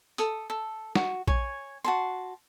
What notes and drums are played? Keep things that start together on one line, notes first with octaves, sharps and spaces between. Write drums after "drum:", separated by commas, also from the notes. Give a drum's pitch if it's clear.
A4 D#6, drum: hi-hat
A4
F#4, drum: snare
C#5 G#5, drum: kick A#1
F#4 A5 C6